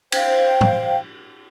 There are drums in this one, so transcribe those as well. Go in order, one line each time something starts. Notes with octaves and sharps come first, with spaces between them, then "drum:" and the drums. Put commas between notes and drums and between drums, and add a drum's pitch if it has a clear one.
C5 F5 G5, drum: cymbal
drum: tom G#2